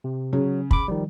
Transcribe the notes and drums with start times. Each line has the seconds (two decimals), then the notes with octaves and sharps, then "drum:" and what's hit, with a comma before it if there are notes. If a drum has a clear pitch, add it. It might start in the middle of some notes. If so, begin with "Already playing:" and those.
0.04 C3
0.33 C#3 F#3
0.71 B5 D6, drum: kick
0.88 D#3 F3 G3